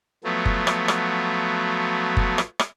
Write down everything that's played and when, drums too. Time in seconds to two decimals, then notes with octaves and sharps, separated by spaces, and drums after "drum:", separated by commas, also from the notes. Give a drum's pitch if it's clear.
0.24 F3 F#3 A3 B3
0.45 drum: kick F#1
0.67 drum: rim click
0.88 drum: rim click
2.17 drum: kick F#1
2.38 drum: rim click
2.59 drum: rim click